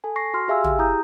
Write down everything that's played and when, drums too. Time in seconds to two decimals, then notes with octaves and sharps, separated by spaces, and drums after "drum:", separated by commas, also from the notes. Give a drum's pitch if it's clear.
0.04 A4 G#5
0.16 C#6 A#6 C7
0.34 F#4 C6 F6
0.48 G4 G#4 E5 F5 G#5 E6
0.64 G4, drum: tom
0.79 E4 G#4 A#5 D#6 G6